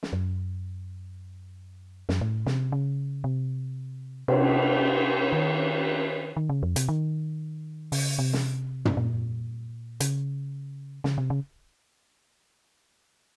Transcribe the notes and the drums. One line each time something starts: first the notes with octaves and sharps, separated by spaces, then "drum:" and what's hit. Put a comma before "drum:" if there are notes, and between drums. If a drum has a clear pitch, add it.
drum: snare
F#2
F#2, drum: snare
A2
C3, drum: snare
C#3
C3
C3, drum: cymbal
D#3
D#3
C#3
F2
C3, drum: hi-hat
D#3
C#3, drum: open hi-hat
C3
drum: snare
drum: tom
A#2
C#3, drum: hi-hat
C#3, drum: snare
C3
C#3